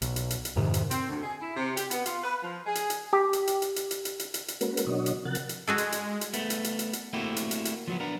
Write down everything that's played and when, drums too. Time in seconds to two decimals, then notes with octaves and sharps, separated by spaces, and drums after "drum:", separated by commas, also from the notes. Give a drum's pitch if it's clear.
0.02 B1, drum: hi-hat
0.16 drum: hi-hat
0.30 drum: hi-hat
0.45 drum: hi-hat
0.56 F2 G#2 C3 D#3
0.74 drum: hi-hat
0.91 C4, drum: hi-hat
1.09 D2
1.23 G#4
1.42 E4
1.57 C3
1.77 G4, drum: hi-hat
1.91 B3, drum: hi-hat
2.06 F4, drum: hi-hat
2.24 B4
2.43 F3
2.66 G#4
2.75 drum: hi-hat
2.90 drum: hi-hat
3.13 G4
3.33 drum: hi-hat
3.47 drum: hi-hat
3.62 drum: hi-hat
3.76 drum: hi-hat
3.91 drum: hi-hat
4.05 drum: hi-hat
4.19 drum: hi-hat
4.34 drum: hi-hat
4.48 drum: hi-hat
4.61 G#3 A#3 C#4 F#4 A#4 B4, drum: hi-hat
4.77 drum: hi-hat
4.87 B2 F#3 D4 F#4 C#5 D#5
5.06 drum: hi-hat
5.25 C3 F3 A#4 F#5 F#6 A6
5.35 drum: hi-hat
5.49 drum: hi-hat
5.67 G#3 F#4 G#4 A4
5.78 drum: hi-hat
5.92 drum: hi-hat
6.21 drum: hi-hat
6.33 A3 B3, drum: hi-hat
6.50 drum: hi-hat
6.64 drum: hi-hat
6.79 drum: hi-hat
6.93 drum: hi-hat
7.13 A3 A#3 C4 E4 F#4 G4
7.36 drum: hi-hat
7.51 drum: hi-hat
7.65 drum: hi-hat
7.88 F3 F#3 B3
8.00 B3 D4 A#4